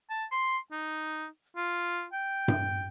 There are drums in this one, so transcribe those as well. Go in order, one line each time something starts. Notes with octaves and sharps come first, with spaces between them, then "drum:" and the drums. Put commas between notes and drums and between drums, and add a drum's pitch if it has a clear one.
A5
C6
D#4
F4
G5
drum: tom G2